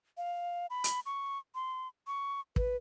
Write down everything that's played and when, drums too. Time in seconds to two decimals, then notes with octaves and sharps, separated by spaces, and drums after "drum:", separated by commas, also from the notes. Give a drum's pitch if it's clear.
0.18 F5
0.70 B5
0.84 drum: hi-hat
1.06 C#6
1.55 C6
2.07 C#6
2.56 B4, drum: kick